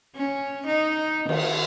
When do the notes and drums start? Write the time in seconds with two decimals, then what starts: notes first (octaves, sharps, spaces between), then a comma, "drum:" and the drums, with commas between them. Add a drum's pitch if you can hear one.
0.16 C#4
0.67 D#4
1.29 D#3, drum: cymbal